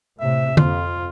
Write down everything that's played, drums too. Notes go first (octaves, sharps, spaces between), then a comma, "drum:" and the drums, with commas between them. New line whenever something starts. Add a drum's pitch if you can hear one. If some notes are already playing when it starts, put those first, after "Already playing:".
A2 C3 E5
F2 F4, drum: tom D3